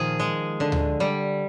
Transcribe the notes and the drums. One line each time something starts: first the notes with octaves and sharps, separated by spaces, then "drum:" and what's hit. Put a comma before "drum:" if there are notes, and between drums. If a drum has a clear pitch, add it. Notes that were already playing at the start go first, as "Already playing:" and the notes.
Already playing: A#2 D#3 F3 G#4
G#3
D3
drum: tom D2
G3